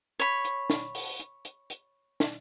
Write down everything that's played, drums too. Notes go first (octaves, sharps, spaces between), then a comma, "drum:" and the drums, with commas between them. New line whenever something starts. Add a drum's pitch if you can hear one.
C#5 B5, drum: hi-hat
drum: hi-hat
drum: snare
drum: open hi-hat
drum: hi-hat
drum: hi-hat
drum: hi-hat
drum: snare